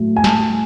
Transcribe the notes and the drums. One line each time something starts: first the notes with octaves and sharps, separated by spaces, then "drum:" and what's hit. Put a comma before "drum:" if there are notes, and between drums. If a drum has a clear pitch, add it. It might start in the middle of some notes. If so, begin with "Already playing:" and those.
Already playing: A2 F#3 A3
G#5
A5, drum: snare